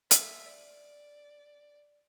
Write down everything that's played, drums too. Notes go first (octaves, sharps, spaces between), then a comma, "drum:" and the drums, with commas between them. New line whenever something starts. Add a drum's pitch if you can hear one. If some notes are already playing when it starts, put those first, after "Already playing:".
E5, drum: hi-hat
D5